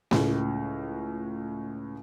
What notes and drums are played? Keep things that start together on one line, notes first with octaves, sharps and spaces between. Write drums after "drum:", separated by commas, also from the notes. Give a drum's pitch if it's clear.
C#2 A2, drum: snare A3